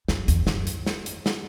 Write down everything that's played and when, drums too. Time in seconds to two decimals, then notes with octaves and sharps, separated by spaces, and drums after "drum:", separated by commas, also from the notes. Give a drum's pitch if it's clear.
0.08 F#2, drum: snare
0.28 E2, drum: hi-hat
0.47 F#2, drum: snare
0.67 drum: hi-hat
0.86 drum: snare
1.06 drum: hi-hat
1.26 drum: snare